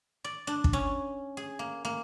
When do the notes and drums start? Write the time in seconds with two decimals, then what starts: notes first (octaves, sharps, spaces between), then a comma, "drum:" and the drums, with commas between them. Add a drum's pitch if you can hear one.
0.24 D5
0.47 D4
0.64 drum: kick
0.73 C#4
1.37 G#4
1.59 A#3
1.85 A#3